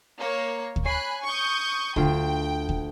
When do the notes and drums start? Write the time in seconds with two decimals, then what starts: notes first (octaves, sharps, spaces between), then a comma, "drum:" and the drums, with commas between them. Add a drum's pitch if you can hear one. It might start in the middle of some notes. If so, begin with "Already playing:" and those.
0.19 A#3 C#5
0.76 drum: kick
0.85 C#5 G#5 B5 F#6 C7
1.24 C#6 D#6 G6
1.96 D2 F4 G5, drum: kick
2.69 drum: kick